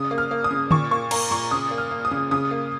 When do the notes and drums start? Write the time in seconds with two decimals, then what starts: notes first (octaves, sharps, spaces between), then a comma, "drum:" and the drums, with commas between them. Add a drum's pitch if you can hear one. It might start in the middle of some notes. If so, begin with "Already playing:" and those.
Already playing: C#3 D#6
0.11 A#3
0.18 F6
0.31 A#3
0.44 D#6
0.51 C#3
0.71 A#2 C#6, drum: tom D3
0.91 A#3 C#6
1.11 A#3 A#5, drum: cymbal
1.31 A#2 C#6
1.51 C#3 D#6
1.71 A#3
1.78 F6
1.91 A#3
2.05 D#6
2.11 C#3
2.31 C#3 D#6
2.51 A#3